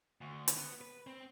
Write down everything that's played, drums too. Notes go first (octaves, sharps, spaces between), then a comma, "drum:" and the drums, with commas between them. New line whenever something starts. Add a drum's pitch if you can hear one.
D2
drum: hi-hat
B3
B4
C4